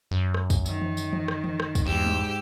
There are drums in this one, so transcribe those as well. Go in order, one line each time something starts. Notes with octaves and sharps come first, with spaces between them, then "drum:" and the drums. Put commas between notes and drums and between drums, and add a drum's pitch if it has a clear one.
F#2
drum: rim click
drum: kick, tambourine
D#3, drum: tambourine
drum: tom E3
drum: tambourine
drum: tom E3
drum: rim click
drum: tom E3
drum: rim click
drum: kick, tambourine
E2 G#2 G4 E6
drum: tom G3